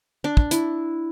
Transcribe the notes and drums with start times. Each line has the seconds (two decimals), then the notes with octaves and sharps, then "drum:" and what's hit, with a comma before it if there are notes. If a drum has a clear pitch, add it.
0.24 D4
0.37 drum: kick
0.51 E4, drum: hi-hat